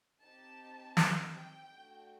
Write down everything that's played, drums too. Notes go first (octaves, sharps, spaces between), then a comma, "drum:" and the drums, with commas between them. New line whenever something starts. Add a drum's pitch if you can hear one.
C4 D#4 G4 A5
drum: snare
G5
A3 D4 F#4